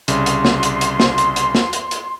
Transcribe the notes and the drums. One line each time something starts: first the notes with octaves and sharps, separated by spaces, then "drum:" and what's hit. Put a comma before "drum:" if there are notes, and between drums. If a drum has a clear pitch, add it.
C2 C#3 C6, drum: hi-hat
drum: hi-hat
drum: snare
drum: hi-hat
drum: hi-hat
drum: snare
drum: hi-hat
drum: hi-hat
drum: snare
drum: hi-hat
drum: hi-hat